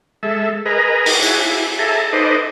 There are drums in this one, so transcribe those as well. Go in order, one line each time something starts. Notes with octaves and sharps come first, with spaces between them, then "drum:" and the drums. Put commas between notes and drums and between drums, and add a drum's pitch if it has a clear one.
G#3 A4 E5
G#4 A#4 B4 D#5 A#5
drum: open hi-hat
E4 F#4 G#4, drum: tambourine
E4
G#4 A4 E5 A5 A#5
D#4 A4 B4 C5 D5 D#5